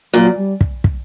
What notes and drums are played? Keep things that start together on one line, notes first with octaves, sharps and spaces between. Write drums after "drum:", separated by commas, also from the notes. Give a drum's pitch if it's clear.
A#2 F#3
G3
drum: kick
drum: kick